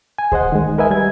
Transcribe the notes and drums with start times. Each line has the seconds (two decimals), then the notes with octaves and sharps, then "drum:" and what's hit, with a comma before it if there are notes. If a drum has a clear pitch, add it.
0.18 G#5
0.32 G#4 C5 D#5 F#5, drum: kick C#2
0.52 D#3 G#3
0.78 A#4 B4 D#5 E5 G#5
0.91 G3 G#6